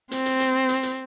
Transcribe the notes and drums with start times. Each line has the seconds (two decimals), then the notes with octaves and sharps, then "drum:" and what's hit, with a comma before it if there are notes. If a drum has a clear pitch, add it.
0.12 C4, drum: hi-hat
0.26 drum: hi-hat
0.40 drum: hi-hat
0.69 drum: hi-hat
0.83 drum: hi-hat